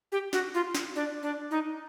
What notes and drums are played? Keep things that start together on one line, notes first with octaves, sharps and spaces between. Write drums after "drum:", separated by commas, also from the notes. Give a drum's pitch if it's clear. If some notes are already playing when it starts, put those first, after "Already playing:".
G4
F#4, drum: snare
F4
drum: snare
D4
D4
D#4